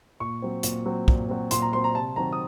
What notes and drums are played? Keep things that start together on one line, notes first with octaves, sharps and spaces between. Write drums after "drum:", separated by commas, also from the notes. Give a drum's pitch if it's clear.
A#2 C#6
F#3 C4
A#2, drum: hi-hat
F#3 C4
A#2, drum: kick
F#3 C4
A#2 C6, drum: hi-hat
A#5
F#3 C4 C6
A#5
C3 A5
D#3 F#3 C4 A#5
D#6